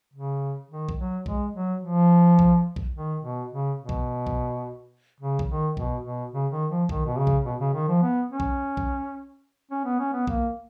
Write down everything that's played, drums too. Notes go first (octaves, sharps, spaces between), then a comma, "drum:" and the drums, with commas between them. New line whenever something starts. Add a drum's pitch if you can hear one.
C#3
D#3
drum: kick B1
F#3
G#3, drum: kick B1
F#3
F3
drum: kick B1
drum: kick B1
D#3
B2
C#3
B2
drum: kick B1
drum: kick B1
C#3
drum: kick B1
D#3
B2, drum: kick B1
B2
C#3
D#3
F3
D#3, drum: kick B1
B2
C#3
drum: kick B1
B2
C#3
D#3
F3
B3
C#4
drum: kick B1
drum: kick B1
C#4
B3
C#4
B3
A#3, drum: kick B1